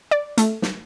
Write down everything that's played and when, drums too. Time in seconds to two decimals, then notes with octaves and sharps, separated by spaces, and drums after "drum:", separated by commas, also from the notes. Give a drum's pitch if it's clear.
0.11 D5
0.38 A3, drum: hi-hat
0.62 drum: snare